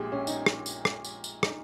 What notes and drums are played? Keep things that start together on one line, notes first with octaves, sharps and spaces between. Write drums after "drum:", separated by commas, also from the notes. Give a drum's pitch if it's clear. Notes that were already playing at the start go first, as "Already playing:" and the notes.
Already playing: A#1 A#2 G#3 G4 G#4
C#4
D#4, drum: tambourine
drum: rim click
drum: tambourine
drum: rim click
drum: tambourine
drum: tambourine
D#4, drum: rim click